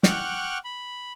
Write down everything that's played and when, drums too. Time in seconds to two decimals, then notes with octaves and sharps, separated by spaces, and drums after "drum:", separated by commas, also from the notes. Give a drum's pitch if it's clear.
0.03 F#5 G5 C#6 D6 F6 F#6, drum: snare
0.64 B5